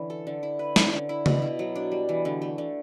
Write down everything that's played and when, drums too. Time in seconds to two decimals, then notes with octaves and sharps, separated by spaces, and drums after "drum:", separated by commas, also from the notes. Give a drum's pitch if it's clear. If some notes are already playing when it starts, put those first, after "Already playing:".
Already playing: D3 E3 C#4
0.10 A4
0.27 D3
0.43 E4
0.59 B4
0.76 C#4, drum: snare
0.93 D3
1.09 E4
1.26 B2, drum: tom C#3
1.42 E4
1.59 F#3
1.76 D4
1.92 G3
2.09 E3
2.25 D3
2.42 A3
2.58 D3